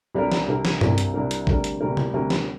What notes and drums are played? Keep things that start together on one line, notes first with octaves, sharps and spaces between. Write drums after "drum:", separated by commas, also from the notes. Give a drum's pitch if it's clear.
C2 C3 G3 D4 A#4
drum: snare
C2 C3 G3 D4 A#4
drum: snare
C2 C3 G3 D4 A#4, drum: tom G2
drum: hi-hat
C2 C3 G3 D4 A#4
drum: hi-hat
D2 C3 G3 D4 A#4, drum: kick G#1
drum: hi-hat
D2 C3 G3 D4 A#4
drum: tom C3
D2 C3 G3 D4 A#4
drum: snare